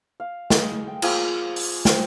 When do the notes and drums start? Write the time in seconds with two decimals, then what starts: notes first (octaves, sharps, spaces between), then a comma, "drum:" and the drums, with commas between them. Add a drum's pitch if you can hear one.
0.20 F5
0.50 G#3, drum: snare
0.87 G5
1.02 F3 A#3 F4 G#4, drum: cymbal
1.56 drum: open hi-hat
1.85 C5 G5, drum: snare